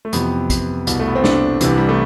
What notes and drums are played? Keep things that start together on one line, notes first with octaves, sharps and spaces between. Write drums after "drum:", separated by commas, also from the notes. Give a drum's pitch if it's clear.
A3
F2 C3 E3 B3, drum: hi-hat
drum: kick, hi-hat
C2 B2, drum: hi-hat
A3
B3
C4
D4, drum: snare
C2 C3 E3, drum: hi-hat
G3
A3